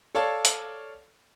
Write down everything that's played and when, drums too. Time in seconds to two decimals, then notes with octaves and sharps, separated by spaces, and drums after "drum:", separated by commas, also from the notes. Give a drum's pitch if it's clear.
0.15 A4 C#5 D5 F5 A5
0.45 drum: hi-hat